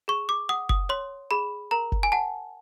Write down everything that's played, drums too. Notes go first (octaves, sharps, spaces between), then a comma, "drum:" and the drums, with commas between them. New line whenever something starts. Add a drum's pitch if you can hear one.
G#4 C#6
D6
F#5 D#6
D#6, drum: kick F#1
C#5 C6
G#4 B5
A#4 A#5
drum: kick F#1
G#5
F#5 A5